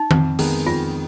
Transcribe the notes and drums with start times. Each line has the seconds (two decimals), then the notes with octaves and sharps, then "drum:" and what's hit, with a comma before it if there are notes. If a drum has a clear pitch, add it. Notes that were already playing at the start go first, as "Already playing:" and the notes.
Already playing: D#4
0.11 F2, drum: tom D#3
0.39 D#3 G#3 B3, drum: open hi-hat
0.66 F2 F4